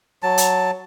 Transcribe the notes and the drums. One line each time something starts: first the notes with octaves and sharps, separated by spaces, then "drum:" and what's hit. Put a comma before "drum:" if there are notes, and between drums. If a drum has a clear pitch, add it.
F#3 A5
drum: hi-hat